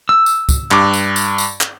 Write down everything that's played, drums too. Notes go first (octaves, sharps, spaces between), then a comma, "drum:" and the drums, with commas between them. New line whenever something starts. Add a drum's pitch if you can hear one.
E6
drum: tambourine
drum: kick, tambourine
G2 D6, drum: clap
drum: tambourine
drum: tambourine
drum: tambourine
drum: clap